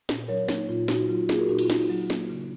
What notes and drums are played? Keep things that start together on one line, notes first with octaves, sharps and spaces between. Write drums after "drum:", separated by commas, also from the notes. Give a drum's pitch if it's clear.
A#2, drum: snare
F#3 A#4 C#5
A#3 D#4, drum: snare
A#2 F4
A#2 D#4 F#4, drum: snare
F#3 F4
A#3 F4 G#4, drum: snare
F#4 A#4
A#2 D#4 F#4
F4, drum: cymbal
D#4 F4, drum: snare
F#3
A#3, drum: snare
C#3